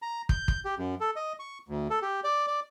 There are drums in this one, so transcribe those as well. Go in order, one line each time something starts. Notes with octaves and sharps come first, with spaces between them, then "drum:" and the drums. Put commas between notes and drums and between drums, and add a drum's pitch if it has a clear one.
A#5
G6, drum: kick
drum: kick
G4
F#2
A4
D#5
C#6
D2
A4
G4
D5
D5